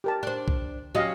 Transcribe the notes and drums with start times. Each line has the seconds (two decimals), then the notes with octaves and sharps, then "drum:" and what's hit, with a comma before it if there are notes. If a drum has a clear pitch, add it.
0.04 G4 A#4 A5
0.23 D4 C5
0.48 drum: kick B1
0.95 F#3 C#4 G4 D#5 F5